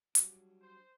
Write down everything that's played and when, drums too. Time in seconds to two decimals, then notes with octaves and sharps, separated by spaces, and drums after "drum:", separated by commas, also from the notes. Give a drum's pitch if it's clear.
0.15 F#3 G3 D4, drum: hi-hat
0.62 C5